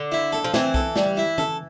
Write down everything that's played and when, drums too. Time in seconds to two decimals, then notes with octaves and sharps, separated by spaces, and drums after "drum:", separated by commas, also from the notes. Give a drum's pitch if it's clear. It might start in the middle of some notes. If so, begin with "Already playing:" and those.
Already playing: D3
0.12 E4
0.32 A4
0.44 F3
0.54 E3 C4, drum: snare
0.74 A4, drum: kick B1
0.96 G3, drum: snare
1.17 E4
1.38 A4, drum: tom